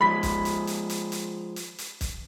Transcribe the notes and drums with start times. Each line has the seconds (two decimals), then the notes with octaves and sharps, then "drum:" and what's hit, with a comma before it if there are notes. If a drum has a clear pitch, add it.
0.01 F3 G#3 B5 B6
0.23 drum: kick, hi-hat
0.45 drum: hi-hat
0.67 drum: hi-hat
0.90 drum: hi-hat
1.12 drum: hi-hat
1.56 drum: hi-hat
1.78 drum: hi-hat
2.01 drum: kick, hi-hat